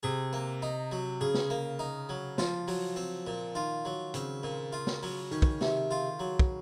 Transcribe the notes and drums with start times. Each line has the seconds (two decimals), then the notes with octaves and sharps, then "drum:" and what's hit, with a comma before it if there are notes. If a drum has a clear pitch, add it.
0.03 C3 G#4
0.33 A#3
0.62 D#4
0.92 F#3
1.21 C#3 G#4
1.34 drum: snare
1.50 A#3
1.79 D#4
2.09 F#3
2.38 F3 F4, drum: snare
2.68 F#3, drum: open hi-hat
2.96 C4
3.27 A#2
3.55 D#3 F4
3.85 F#3
4.14 C#3 C4, drum: hi-hat
4.43 A#2
4.73 F4
4.87 drum: snare
5.03 F#3, drum: open hi-hat
5.31 D#3 C#4
5.42 drum: kick
5.61 C3, drum: snare
5.91 F4
6.20 F#3
6.39 drum: kick